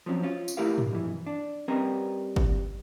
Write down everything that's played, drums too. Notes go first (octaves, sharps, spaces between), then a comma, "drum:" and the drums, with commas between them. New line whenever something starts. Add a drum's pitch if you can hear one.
F3 F#3 C4 C#4
C#4 F4
drum: tambourine
A3 E4 G4 A#4 F5
drum: tom
B1 F2 E3
D4
G3 C4 C#4 A#4 B4 D#5
drum: kick G1